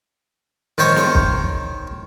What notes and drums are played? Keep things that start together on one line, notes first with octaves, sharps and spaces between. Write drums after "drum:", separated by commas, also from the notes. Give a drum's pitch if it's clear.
D#3 C5 C#5
drum: snare
drum: kick